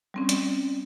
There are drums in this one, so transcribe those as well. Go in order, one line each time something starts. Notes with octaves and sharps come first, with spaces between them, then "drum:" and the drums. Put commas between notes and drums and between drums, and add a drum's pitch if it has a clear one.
G3 C4 C#4
drum: hi-hat